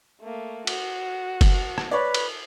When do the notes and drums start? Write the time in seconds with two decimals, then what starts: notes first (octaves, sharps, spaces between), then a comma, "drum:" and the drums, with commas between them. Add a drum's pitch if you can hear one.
0.22 A3 A#3
0.67 F#4, drum: cymbal
1.41 drum: kick F#1, cymbal
1.78 drum: rim click
1.91 B4 C#5 D5
2.14 drum: cymbal